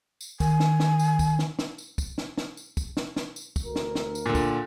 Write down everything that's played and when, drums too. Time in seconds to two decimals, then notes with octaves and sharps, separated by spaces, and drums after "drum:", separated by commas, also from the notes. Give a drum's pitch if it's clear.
0.21 drum: tambourine
0.40 D#3 G#5, drum: kick, tambourine
0.60 drum: snare
0.80 drum: snare
0.99 drum: tambourine
1.19 drum: kick, tambourine
1.39 drum: snare
1.59 drum: snare
1.78 drum: tambourine
1.98 drum: kick, tambourine
2.18 drum: snare
2.38 drum: snare
2.57 drum: tambourine
2.77 drum: kick, tambourine
2.97 drum: snare
3.16 drum: snare
3.36 drum: tambourine
3.56 drum: kick, tambourine
3.66 D2 A#4
3.76 drum: snare
3.95 drum: snare
4.15 drum: tambourine
4.26 A#2 D3
4.35 drum: kick, tambourine